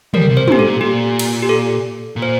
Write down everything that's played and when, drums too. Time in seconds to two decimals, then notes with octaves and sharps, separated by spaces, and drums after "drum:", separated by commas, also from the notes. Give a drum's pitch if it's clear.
0.14 G3 A#4, drum: tom
0.31 C3
0.37 C5
0.48 A#2 G4, drum: tom
0.59 A4
0.64 A#2
0.81 A#2 G4
1.19 drum: cymbal
1.42 G4
1.49 A4
2.16 A#2
2.22 C5